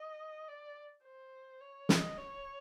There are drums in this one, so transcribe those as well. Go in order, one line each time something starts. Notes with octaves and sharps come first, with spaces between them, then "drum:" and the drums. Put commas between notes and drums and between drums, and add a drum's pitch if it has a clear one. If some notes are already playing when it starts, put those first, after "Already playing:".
Already playing: D#5
D5
C5
C#5
D#5, drum: snare
C#5